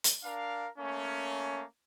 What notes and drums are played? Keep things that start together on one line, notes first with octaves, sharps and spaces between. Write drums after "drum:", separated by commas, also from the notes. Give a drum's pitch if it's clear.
drum: hi-hat
D4 A#4 F5
A3 A#3 C#4